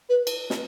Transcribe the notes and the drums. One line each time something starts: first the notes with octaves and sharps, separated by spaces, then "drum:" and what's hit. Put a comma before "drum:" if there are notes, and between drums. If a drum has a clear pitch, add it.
B4
drum: cymbal
drum: snare